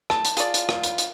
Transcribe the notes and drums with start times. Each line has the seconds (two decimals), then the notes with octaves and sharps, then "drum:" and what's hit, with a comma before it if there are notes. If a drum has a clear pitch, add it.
0.10 A5, drum: rim click
0.25 drum: hi-hat
0.37 F4 G#4 D5, drum: hi-hat
0.54 drum: hi-hat
0.69 drum: rim click
0.83 drum: hi-hat
0.98 drum: hi-hat